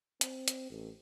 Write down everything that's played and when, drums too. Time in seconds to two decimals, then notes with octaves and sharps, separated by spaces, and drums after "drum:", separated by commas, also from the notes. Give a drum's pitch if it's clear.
0.21 C4, drum: hi-hat
0.48 drum: hi-hat
0.70 A1